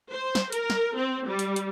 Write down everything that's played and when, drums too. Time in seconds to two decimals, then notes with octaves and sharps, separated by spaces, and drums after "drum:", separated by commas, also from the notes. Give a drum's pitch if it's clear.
0.12 C5
0.35 drum: snare
0.52 A#4, drum: hi-hat
0.70 drum: snare
0.95 C4
1.27 G3
1.39 drum: hi-hat
1.56 drum: hi-hat